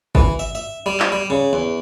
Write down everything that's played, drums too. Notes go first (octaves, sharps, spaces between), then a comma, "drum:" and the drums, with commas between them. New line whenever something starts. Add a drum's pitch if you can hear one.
E3, drum: kick
E5
E5
G3
drum: clap
G3
C#3
E2